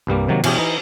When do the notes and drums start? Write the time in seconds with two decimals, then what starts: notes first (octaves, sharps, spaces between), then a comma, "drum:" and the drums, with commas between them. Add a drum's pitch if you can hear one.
0.07 C2 G2 G3 A#3
0.29 C3 D#3 F#3 A#3
0.44 B2 E3 C#4 G4 G#4, drum: cymbal
0.57 E3 D#4